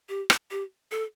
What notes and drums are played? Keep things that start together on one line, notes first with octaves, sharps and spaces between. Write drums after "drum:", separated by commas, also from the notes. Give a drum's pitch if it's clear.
G4
drum: rim click
G4
A4